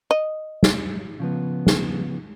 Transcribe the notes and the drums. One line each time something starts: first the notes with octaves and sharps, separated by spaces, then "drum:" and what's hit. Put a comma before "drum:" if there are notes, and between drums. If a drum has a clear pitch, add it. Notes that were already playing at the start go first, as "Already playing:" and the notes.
D#5
drum: snare
C#3 F3 B3
drum: snare